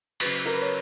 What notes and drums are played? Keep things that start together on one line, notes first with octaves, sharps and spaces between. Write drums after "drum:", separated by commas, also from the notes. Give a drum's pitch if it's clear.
C#3 F#3 B4, drum: cymbal
A#4
B4
C#5